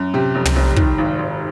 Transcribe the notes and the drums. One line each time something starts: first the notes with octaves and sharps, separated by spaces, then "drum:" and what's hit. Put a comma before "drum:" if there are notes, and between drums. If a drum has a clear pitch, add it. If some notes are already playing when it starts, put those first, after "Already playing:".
Already playing: F#2
C3 G4
F1
drum: tom
F1
D#3, drum: kick
G#1
G#1